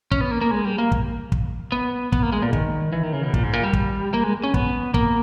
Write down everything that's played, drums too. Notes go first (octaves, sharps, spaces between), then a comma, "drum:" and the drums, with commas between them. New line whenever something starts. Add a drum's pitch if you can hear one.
C#4, drum: kick
B3
A#3
A#3
G#3
G3
A#3
drum: kick
drum: kick
B3
B3, drum: kick
A#3
G#3
A#2
D#3, drum: kick
E3
D#3
C#3
B2
A#2, drum: kick
G#2
A#2
G3
drum: kick
A#3
G#3
C#4
B3, drum: kick
A#3, drum: kick